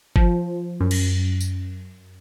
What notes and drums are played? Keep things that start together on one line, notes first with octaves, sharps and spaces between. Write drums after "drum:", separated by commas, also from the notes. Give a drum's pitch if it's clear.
F3, drum: kick G1
F#2
drum: cymbal
drum: tambourine